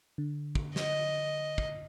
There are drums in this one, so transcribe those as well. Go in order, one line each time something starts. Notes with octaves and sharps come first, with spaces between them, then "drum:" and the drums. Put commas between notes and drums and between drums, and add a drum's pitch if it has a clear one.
D3
drum: kick
D#5, drum: snare
drum: kick